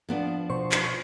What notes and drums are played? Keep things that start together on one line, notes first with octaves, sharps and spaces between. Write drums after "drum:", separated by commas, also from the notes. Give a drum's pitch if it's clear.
F3 B3 D4
B2 C5 C#6
drum: clap